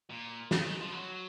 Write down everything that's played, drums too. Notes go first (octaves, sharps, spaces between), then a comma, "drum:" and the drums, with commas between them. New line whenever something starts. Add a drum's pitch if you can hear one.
A#2
C#3, drum: snare
D#3
F3
F#3